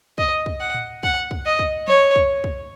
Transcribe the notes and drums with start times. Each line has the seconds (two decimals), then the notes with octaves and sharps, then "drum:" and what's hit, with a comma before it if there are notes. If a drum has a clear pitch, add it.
0.18 D#5, drum: kick
0.46 drum: kick
0.60 F#5
0.74 drum: tom A2
1.03 F#5, drum: kick
1.31 drum: kick
1.46 D#5
1.59 drum: kick
1.88 C#5, drum: tom
2.16 drum: kick
2.44 drum: kick